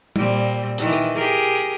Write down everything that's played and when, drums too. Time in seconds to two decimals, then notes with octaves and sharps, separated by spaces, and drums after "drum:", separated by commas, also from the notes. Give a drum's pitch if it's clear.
0.16 A#2 G3 C4, drum: tom
0.78 D#3 E3, drum: hi-hat
0.93 drum: rim click
1.16 G4 G#4 A#4